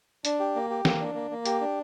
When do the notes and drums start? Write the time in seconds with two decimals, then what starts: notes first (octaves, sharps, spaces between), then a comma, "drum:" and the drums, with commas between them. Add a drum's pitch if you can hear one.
0.25 D4, drum: hi-hat
0.40 G4
0.56 A#3
0.70 G4
0.85 A#3, drum: snare
1.00 D4
1.15 A#3
1.31 A#3
1.45 G4, drum: hi-hat
1.61 D4